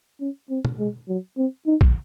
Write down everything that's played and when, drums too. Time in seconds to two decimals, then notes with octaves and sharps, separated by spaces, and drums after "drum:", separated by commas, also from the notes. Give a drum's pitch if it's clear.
0.21 C#4
0.50 C4
0.65 drum: tom
0.79 G#3
1.09 F#3
1.38 C4
1.67 D#4
1.81 drum: kick